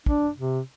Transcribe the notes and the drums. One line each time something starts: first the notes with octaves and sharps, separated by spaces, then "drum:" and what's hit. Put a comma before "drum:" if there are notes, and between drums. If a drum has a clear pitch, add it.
D4, drum: kick
C3